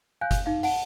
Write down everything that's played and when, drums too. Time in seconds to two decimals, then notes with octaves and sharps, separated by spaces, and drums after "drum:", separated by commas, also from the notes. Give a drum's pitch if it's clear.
0.21 F5 G#5 F#6 G6
0.31 drum: kick F#1, hi-hat
0.46 D#4 F5
0.63 F#5 A5 D7, drum: open hi-hat